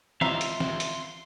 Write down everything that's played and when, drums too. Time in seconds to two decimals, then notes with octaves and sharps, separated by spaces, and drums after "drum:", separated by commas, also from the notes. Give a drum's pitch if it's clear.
0.21 C#2 E5 F5 A#5 C6 E6, drum: snare
0.41 drum: hi-hat
0.60 drum: snare
0.80 drum: hi-hat